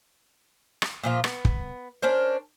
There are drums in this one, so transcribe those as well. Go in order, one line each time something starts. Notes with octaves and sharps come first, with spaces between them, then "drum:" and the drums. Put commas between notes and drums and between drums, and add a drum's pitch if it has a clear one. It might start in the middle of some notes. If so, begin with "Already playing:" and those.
drum: rim click
A#2 F3 F4
B3, drum: rim click
drum: kick
C#4 D4 A#4 C5